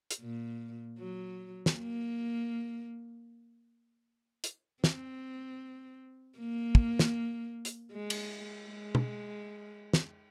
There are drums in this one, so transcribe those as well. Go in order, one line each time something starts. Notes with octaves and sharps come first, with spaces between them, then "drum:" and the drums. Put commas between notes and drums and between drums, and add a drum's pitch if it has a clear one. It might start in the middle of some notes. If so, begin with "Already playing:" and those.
drum: hi-hat
A#2
F#3
drum: snare
A#3
drum: hi-hat
C4, drum: snare
A#3
drum: kick
drum: snare
drum: hi-hat
G#3
drum: cymbal
G#3
drum: tom B2
drum: snare